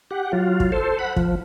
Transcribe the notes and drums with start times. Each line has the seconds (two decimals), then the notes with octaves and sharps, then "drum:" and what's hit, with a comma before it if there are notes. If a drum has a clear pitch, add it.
0.11 G4 F#5
0.33 F#3 F4
0.60 drum: kick
0.72 A4 C5
0.99 F#5 B5
1.16 F3, drum: kick